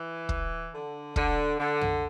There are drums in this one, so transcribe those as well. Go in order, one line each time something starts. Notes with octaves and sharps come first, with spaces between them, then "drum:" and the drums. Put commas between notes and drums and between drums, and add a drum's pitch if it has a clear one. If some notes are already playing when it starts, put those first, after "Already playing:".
Already playing: E3
drum: kick
D3
D3, drum: kick
D3
drum: tom